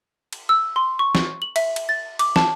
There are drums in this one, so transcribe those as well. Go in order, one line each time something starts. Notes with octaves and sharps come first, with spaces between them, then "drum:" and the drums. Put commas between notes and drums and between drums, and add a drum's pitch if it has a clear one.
drum: cymbal
E6
C6
C#6
drum: snare
F#7
E5, drum: cymbal
drum: cymbal
A6
D6, drum: cymbal
A5, drum: snare